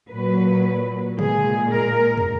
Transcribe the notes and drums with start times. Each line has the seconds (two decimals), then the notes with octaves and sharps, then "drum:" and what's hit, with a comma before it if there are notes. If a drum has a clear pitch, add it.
0.10 A#2 F#3 B4
1.19 A#2 G#3 G#4, drum: tom C3
1.72 A#4
2.17 drum: tom